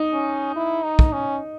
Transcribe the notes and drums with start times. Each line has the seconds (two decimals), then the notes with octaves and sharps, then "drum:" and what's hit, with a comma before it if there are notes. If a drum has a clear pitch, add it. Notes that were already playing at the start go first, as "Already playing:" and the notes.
Already playing: D#4
0.13 C#4
0.56 E4
0.84 D#4
0.99 drum: kick
1.13 C#4